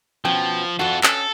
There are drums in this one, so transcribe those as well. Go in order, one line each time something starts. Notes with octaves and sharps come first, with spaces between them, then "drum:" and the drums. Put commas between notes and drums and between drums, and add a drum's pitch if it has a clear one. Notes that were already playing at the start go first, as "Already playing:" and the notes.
B2 F3 C#4 G5
F2 F4 F#4 A4
C#4 A4, drum: clap